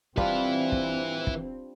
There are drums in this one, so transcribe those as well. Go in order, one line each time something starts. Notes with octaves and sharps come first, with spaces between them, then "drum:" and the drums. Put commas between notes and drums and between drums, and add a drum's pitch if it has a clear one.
E3 G3 C4 D4 F4 B4, drum: kick
drum: kick
drum: kick